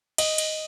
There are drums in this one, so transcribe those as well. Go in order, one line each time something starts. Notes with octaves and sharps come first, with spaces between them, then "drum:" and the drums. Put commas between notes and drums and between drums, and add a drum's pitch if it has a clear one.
D#5, drum: cymbal
drum: cymbal